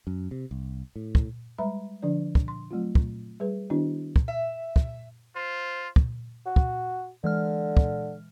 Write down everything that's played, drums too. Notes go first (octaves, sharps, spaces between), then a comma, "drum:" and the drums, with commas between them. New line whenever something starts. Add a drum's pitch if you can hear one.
F#2
C3
C2
A2
drum: kick
G3 G#3 B4 E5 A#5 B5
D3 F3 D4 D5
drum: kick
C6
F#3 A3 C4 F4
drum: kick
G3 G#4 B4
D#3 B3 D4 E4 F#4 D#5
drum: kick
E5
drum: kick
F4 C5
drum: kick
F#4
drum: kick
D3 E3 G#3 F6
drum: kick